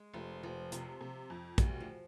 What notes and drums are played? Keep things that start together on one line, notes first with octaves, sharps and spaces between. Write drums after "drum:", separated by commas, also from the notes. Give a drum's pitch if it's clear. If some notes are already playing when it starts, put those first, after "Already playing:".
Already playing: G#3
F1 F3
F1 F3
C3 F3, drum: hi-hat
C3
F2
D2 G3, drum: kick, hi-hat
F3